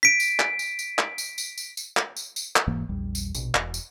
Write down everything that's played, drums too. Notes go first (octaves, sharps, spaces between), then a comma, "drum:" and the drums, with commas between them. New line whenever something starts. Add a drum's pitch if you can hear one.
B6 D7
drum: tambourine
drum: clap
drum: tambourine
drum: tambourine
drum: clap
drum: tambourine
drum: tambourine
drum: tambourine
drum: tambourine
drum: clap
drum: tambourine
drum: tambourine
drum: clap
E1 G#2 E3 A#3
A#1 E2 G3
drum: tambourine
A#1 B2, drum: tambourine
E1, drum: clap
drum: tambourine